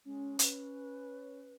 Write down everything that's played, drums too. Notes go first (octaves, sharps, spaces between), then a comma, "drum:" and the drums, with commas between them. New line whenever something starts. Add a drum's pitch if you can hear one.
G#3 C#4
B4, drum: hi-hat